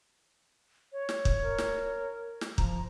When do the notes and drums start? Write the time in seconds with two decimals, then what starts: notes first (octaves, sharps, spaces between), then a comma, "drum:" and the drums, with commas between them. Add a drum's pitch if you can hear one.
0.92 C#5
1.09 drum: snare
1.25 drum: kick
1.43 A#4
1.58 drum: snare
2.41 drum: snare
2.58 F3 A#5, drum: kick